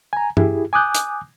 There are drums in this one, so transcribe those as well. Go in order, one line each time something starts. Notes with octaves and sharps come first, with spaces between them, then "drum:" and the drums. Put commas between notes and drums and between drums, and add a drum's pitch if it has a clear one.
G#5 A#5
E4 G4 G#4, drum: tom G2
G#5 D6 D#6 F#6 G6
drum: hi-hat